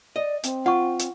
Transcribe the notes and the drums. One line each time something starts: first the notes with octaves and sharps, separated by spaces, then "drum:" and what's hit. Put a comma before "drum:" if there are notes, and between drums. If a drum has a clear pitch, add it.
D5 D#5
C4, drum: hi-hat
F4 F#5 C#6
drum: hi-hat